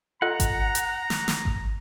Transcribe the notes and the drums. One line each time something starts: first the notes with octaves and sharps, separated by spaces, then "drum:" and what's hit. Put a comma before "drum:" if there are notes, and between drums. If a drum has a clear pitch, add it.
F4 A4 D#5 F#5 A#5
drum: kick G#1, hi-hat
drum: hi-hat
drum: snare
drum: snare
drum: kick G#1